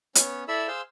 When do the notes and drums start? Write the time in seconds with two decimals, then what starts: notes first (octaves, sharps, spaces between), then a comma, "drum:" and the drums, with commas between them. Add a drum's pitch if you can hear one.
0.15 B3 C#4 C#5, drum: hi-hat
0.48 E4 A4 D5 E5 B5 E6
0.68 G#4 C5 F5 C6 E6